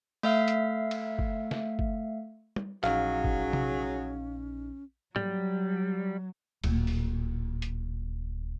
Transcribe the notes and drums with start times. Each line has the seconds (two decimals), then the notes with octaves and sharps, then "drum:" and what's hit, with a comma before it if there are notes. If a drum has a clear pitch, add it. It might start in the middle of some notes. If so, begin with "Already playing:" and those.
0.23 A3 E5 F5, drum: open hi-hat
0.48 drum: hi-hat
0.91 drum: cymbal
1.19 drum: kick
1.51 drum: snare
1.79 drum: kick
2.56 drum: tom
2.84 A#1 F#3 C#4 D#4 G#4 F5, drum: clap
3.24 drum: kick
3.53 drum: tom C3
5.16 F#3 G3, drum: tom G#2
6.64 D1 A#2, drum: cymbal
6.87 drum: open hi-hat
7.62 drum: hi-hat